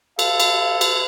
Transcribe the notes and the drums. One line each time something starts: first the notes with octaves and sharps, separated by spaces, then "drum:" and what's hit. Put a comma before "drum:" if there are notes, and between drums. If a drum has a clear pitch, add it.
A4 F5, drum: cymbal
drum: cymbal
drum: cymbal